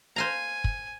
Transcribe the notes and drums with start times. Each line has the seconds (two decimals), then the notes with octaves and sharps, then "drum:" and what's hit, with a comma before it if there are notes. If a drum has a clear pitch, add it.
0.16 C5 F5 G#5 A#5
0.64 drum: kick